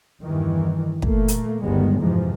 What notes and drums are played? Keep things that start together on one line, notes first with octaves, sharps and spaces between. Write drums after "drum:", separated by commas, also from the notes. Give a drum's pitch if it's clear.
E2 G2 D#3 E3
A#2 A3 A#3, drum: kick
drum: hi-hat
G1 D2 D#3 G3 G#3 B3
F2 G#2 C3 E3 F3 G#3